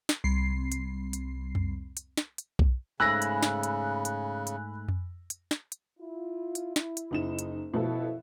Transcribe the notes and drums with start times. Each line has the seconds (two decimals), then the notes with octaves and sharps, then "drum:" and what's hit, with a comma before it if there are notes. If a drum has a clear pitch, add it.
0.09 drum: snare
0.24 C2 C7
0.72 drum: hi-hat
1.13 drum: hi-hat
1.55 drum: tom F2
1.97 drum: hi-hat
2.17 drum: snare
2.38 drum: hi-hat
2.59 drum: kick B1
3.00 G#2 C#3 A3 G#5 B5 E6 F#6 A#6
3.22 drum: hi-hat
3.43 drum: snare
3.63 drum: hi-hat
4.05 drum: hi-hat
4.47 drum: hi-hat
4.88 drum: tom F2
5.30 drum: hi-hat
5.51 drum: snare
5.72 drum: hi-hat
6.00 E4 F4
6.55 drum: hi-hat
6.76 E4, drum: snare
6.97 drum: hi-hat
7.11 F#1 D#4 E7
7.39 drum: hi-hat
7.74 F#2 B2 F3 E4 A4